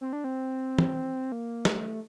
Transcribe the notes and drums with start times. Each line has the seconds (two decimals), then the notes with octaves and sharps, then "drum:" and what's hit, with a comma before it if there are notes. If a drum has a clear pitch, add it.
0.01 C4
0.13 D4
0.24 C4
0.79 drum: tom
1.32 A#3
1.65 A3, drum: snare